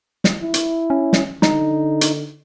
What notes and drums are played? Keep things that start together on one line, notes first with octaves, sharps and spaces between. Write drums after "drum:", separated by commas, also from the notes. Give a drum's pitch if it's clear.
drum: snare
E4
drum: hi-hat
C#4
drum: snare
D3 D#4, drum: snare
drum: hi-hat